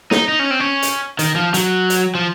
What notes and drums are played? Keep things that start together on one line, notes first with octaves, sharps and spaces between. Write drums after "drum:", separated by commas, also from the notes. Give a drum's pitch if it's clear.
D#4, drum: snare
D#4
C#4
C4
C#4
drum: hi-hat
D#3, drum: hi-hat
F3
F#3, drum: hi-hat
drum: hi-hat
F3